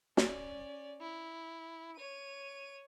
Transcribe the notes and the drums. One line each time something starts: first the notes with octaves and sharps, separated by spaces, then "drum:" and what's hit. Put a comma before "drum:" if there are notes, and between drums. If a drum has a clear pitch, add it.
C#4 D5, drum: snare
E4
C#5 D#7